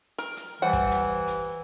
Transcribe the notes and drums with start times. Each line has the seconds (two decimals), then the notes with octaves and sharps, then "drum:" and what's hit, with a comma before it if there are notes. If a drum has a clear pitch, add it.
0.18 A#4, drum: hi-hat
0.37 drum: hi-hat
0.62 E3 G3 C5 F#5
0.73 drum: kick, hi-hat
0.91 drum: hi-hat
1.28 drum: hi-hat